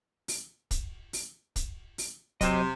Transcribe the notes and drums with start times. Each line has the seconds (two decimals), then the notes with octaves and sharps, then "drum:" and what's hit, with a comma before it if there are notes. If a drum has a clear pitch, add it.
0.28 drum: open hi-hat
0.71 drum: kick, hi-hat
1.13 drum: open hi-hat
1.56 drum: kick, hi-hat
1.98 drum: open hi-hat
2.41 C3 F#3 C5 D#5, drum: kick, hi-hat